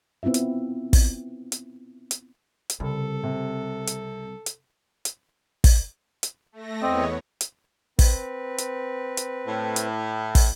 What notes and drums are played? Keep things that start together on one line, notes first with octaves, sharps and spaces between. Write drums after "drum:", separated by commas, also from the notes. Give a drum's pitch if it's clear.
B3 C4 E4 F4 E5
drum: hi-hat
drum: kick, open hi-hat
drum: hi-hat
drum: hi-hat
drum: hi-hat
C2 C#3 A4
C3
drum: hi-hat
drum: hi-hat
drum: hi-hat
drum: kick, open hi-hat
drum: hi-hat
A3 A#6
E2 B3 C4 C#5 D#5
drum: hi-hat
C4 B4, drum: kick, open hi-hat
drum: hi-hat
drum: hi-hat
A2
drum: hi-hat
drum: kick, open hi-hat